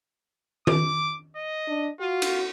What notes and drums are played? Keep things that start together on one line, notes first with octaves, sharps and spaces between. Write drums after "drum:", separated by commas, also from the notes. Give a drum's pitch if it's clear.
D6, drum: tom
D#5
D4
F4 F#4
drum: cymbal